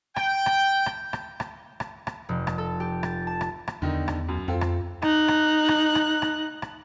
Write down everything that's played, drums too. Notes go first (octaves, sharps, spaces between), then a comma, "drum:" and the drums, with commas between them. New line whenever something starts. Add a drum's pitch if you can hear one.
G5, drum: rim click
drum: rim click
drum: rim click
drum: rim click
drum: rim click
drum: rim click
drum: rim click
F1
drum: rim click
A4
G4
A6, drum: rim click
A5
drum: rim click
drum: rim click
E2 D3 D#3 D#4
drum: rim click
F#2
F2 C4 F4 A4
drum: rim click
D#4 F#6, drum: rim click
drum: rim click
drum: rim click
drum: rim click
drum: rim click
drum: rim click